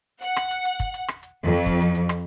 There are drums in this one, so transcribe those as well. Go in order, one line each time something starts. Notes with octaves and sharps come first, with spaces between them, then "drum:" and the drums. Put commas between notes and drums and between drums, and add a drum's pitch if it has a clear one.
F#5, drum: hi-hat
drum: rim click
drum: hi-hat
drum: hi-hat
drum: kick, hi-hat
drum: hi-hat
drum: rim click
drum: hi-hat
F2
drum: kick, hi-hat
drum: hi-hat
drum: hi-hat
drum: rim click